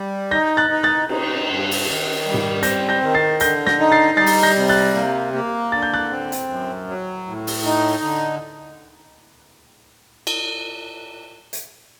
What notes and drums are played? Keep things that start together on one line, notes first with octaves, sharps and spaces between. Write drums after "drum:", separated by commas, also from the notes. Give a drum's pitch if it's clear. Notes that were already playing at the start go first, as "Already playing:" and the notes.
Already playing: G3
D#4 G6 A#6
F#6 A6
D#4
F#6 A6
D#4, drum: cymbal
G2
drum: open hi-hat
D#3
G3
drum: tom G#2
C4 G6 A#6, drum: hi-hat
G6 A#6
D#3
A6 C7
D3 G6 A#6, drum: hi-hat
G6 A#6, drum: snare
D#4
A6 C7
G3 A6 C7
drum: open hi-hat
G6 A#6
C3
F#6 A6
A#3
A#3
D3 A6
G6
F#6 A6
C4
drum: hi-hat
F#2
F#3
A2
drum: open hi-hat
D#4
D3
drum: cymbal
drum: hi-hat